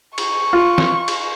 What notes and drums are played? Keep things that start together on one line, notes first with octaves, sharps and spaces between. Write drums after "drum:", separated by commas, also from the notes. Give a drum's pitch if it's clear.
C#6, drum: cymbal
F4
drum: snare
drum: cymbal